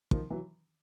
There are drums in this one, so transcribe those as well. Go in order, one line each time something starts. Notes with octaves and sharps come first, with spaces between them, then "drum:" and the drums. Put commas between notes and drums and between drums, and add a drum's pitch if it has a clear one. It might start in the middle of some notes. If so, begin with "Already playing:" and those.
D#3 F3, drum: kick
E3 F#3